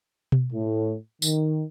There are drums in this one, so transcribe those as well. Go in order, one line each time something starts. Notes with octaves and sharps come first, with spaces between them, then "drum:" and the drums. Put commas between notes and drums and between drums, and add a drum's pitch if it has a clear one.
drum: tom B2
A2
D#3, drum: tambourine